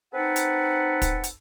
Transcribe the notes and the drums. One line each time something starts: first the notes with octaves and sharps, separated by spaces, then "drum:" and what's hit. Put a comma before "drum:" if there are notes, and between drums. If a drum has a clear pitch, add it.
C4 D#4 A4 B4 F#5
drum: hi-hat
drum: kick, hi-hat
drum: hi-hat